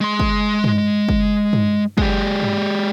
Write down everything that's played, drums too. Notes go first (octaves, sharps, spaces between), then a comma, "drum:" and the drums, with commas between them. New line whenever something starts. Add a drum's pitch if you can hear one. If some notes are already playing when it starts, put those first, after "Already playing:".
G#3 C6
drum: kick
drum: tom G2
drum: kick
drum: tom G2
G#3 G4, drum: kick
drum: tom G2